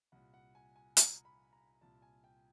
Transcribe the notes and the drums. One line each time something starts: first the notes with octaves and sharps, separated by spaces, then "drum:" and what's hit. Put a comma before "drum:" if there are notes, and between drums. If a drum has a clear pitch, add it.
C2 A#2 F#5
F#5
G#5
G#5
A#5, drum: hi-hat
B5
A#5
C2 A#2 A5
G#5
G5